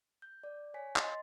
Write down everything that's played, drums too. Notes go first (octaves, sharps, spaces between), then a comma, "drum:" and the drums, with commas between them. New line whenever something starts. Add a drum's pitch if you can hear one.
G6
D5
C#5 G#5 B6
D#5 C6 A6, drum: clap